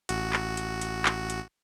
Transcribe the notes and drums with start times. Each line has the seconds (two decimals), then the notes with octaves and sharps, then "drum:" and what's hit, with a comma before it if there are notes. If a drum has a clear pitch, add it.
0.09 A1 F#4, drum: hi-hat
0.33 drum: clap
0.57 drum: hi-hat
0.81 drum: hi-hat
1.06 drum: clap
1.30 drum: hi-hat